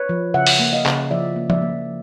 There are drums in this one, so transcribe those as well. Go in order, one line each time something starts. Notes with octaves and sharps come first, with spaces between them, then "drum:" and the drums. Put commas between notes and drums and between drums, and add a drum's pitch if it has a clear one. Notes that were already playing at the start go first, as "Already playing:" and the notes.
Already playing: B4 C#5
F3
C#3 E5 F#5
drum: open hi-hat
A#3
D#5 F5
C#3, drum: clap
F3 D5 E5
A#3
D5 E5, drum: tom
A#3